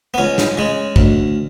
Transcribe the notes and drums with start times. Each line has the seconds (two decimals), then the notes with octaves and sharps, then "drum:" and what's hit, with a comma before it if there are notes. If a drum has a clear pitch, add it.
0.14 B3
0.18 C#2 C#4
0.38 drum: snare
0.57 C#3 G#3
0.96 D2, drum: kick